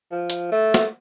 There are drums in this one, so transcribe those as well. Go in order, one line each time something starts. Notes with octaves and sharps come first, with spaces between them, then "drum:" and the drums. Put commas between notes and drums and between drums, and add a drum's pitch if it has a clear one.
F3
drum: hi-hat
A3
drum: snare